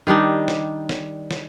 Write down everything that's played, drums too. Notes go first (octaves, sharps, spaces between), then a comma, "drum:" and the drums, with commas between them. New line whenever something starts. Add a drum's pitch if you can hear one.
D#3 G3 D4 D#4
drum: snare
drum: snare
drum: snare